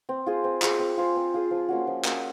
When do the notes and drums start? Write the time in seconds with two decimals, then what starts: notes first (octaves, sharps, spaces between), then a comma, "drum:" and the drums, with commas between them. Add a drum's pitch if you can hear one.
0.09 C4
0.26 F4 G#4 C5
0.44 C4
0.62 F4 G#4 C5, drum: clap
0.79 C4
0.97 F4 G#4 C5
1.16 C4
1.34 F4 G#4 C5
1.51 F3
1.69 A#3 C#4 F#4
1.87 F3
2.05 A#3 C#4 F#4, drum: clap